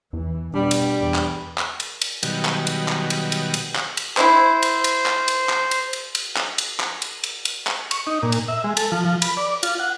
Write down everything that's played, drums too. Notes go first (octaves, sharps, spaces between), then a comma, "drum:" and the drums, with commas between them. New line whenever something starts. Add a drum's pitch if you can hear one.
E2 E3
B2 G3 D4
drum: cymbal
E2
drum: clap
drum: clap
drum: cymbal
drum: cymbal
B2 D#3 F#3 G3, drum: cymbal
drum: clap
drum: cymbal
drum: clap
drum: cymbal
drum: cymbal
drum: cymbal
drum: clap
drum: cymbal
C4 E4 C5, drum: clap
drum: cymbal
drum: cymbal
drum: clap
drum: cymbal
drum: clap
drum: cymbal
drum: cymbal
drum: cymbal
drum: clap
drum: cymbal
drum: clap
drum: cymbal
drum: cymbal
drum: cymbal
drum: clap
C#6, drum: cymbal
D#4
A#2
drum: cymbal
E5
G#3
A4, drum: cymbal
F3
F3
B5, drum: cymbal
D5
F4, drum: cymbal
F#5